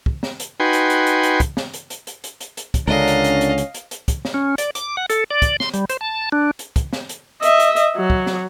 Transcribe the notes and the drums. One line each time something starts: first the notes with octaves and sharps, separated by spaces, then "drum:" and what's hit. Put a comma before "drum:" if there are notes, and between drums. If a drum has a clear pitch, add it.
drum: kick
drum: snare
drum: hi-hat
D#4 F#4 B4 G5 G#5 C6
drum: hi-hat
drum: hi-hat
drum: hi-hat
drum: hi-hat
drum: kick, hi-hat
drum: snare
drum: hi-hat
drum: hi-hat
drum: hi-hat
drum: hi-hat
drum: hi-hat
drum: hi-hat
drum: kick, hi-hat
C#2 D3 C#4 D4 A#4 D#5 F5
drum: hi-hat
drum: hi-hat
drum: hi-hat
drum: hi-hat
drum: hi-hat
drum: hi-hat
drum: kick, hi-hat
drum: snare
C#4
D5, drum: hi-hat
D6, drum: hi-hat
F#5
A4, drum: hi-hat
D5
drum: kick, hi-hat
C6, drum: snare
G3, drum: hi-hat
C5, drum: hi-hat
A5
D4
drum: hi-hat
drum: kick, hi-hat
drum: snare
drum: hi-hat
D#5 E5, drum: hi-hat
drum: hi-hat
drum: hi-hat
F#3
drum: kick
drum: snare